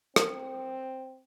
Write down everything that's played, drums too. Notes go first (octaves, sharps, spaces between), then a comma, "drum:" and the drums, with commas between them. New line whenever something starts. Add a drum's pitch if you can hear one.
C4, drum: rim click